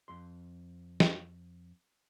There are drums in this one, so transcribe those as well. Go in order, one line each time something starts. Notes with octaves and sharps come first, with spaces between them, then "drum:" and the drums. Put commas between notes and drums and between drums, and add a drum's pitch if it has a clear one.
F2 C6
drum: snare